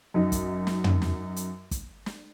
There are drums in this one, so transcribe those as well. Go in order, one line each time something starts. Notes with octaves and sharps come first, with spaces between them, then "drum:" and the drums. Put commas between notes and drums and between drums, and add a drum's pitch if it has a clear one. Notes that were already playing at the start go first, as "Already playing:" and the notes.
F#2 D#4
drum: kick, hi-hat
drum: snare
drum: tom
drum: snare
drum: hi-hat
drum: kick, hi-hat
drum: snare